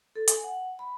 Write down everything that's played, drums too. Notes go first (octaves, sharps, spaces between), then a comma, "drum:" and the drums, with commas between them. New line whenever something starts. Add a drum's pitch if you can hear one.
A4
G#5, drum: hi-hat
F#5
B5